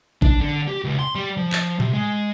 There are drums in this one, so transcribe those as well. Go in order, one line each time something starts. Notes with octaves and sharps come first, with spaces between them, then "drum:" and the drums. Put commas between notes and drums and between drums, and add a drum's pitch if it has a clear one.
D4, drum: kick A1
D3
G4
C#2
C6
G3
F3
F3, drum: clap
C3, drum: tom A2
G#3